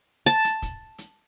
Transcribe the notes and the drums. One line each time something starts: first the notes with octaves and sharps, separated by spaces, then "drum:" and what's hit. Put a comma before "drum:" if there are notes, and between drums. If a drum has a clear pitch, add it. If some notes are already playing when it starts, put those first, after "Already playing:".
A5, drum: hi-hat
drum: hi-hat
drum: kick, hi-hat
drum: hi-hat